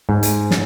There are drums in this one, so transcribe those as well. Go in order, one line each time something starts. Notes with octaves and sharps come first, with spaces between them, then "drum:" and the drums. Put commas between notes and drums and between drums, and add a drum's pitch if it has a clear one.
G#2
drum: hi-hat
drum: snare